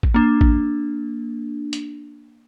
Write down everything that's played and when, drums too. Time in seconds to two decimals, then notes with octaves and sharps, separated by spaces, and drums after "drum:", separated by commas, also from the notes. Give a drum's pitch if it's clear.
0.03 drum: kick A1
0.14 A#3 D4
0.41 drum: kick A1
1.73 drum: hi-hat